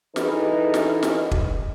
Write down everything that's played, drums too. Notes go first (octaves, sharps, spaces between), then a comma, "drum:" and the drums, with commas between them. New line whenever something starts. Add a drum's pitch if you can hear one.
E3 D#4 G#4 A4 B4 D#5, drum: snare
drum: snare
drum: snare
drum: kick